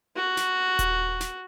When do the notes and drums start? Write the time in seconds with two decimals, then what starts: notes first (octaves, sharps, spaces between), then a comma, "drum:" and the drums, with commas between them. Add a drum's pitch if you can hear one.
0.16 F#4
0.37 drum: snare
0.79 drum: kick D#1, hi-hat
1.21 drum: snare